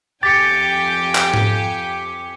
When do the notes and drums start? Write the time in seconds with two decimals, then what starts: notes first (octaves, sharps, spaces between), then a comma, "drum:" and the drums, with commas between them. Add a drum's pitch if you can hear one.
0.23 F2 G4 G5 G#5 D6 A6 B6 C#7
1.15 drum: clap
1.34 drum: tom G#2